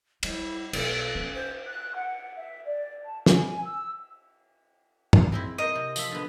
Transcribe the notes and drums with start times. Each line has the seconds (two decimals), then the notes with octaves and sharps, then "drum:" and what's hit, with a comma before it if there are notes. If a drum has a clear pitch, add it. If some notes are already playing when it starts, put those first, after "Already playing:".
0.23 G3 E4, drum: cymbal
0.73 B1 A4, drum: cymbal
1.15 C#4
1.35 C5
1.66 F#6
1.95 F#5
2.37 E5
2.65 D5
3.05 A5
3.26 G#5, drum: snare
3.62 E6
5.13 drum: tom
5.32 G#3 C4 E4
5.58 A#4 C5 D#5
5.75 C3
5.96 F3 E5, drum: tambourine
6.11 D3 B3